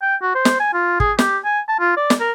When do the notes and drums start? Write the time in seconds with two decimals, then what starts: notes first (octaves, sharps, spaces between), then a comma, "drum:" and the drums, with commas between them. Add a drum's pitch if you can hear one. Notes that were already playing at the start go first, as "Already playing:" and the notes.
0.02 G5
0.22 F#4
0.35 C5
0.45 drum: snare
0.60 G#5
0.74 F4
1.00 G#4, drum: kick
1.19 G4, drum: snare
1.45 G#5
1.69 A5
1.80 F4
1.97 D5
2.10 drum: snare
2.20 A#4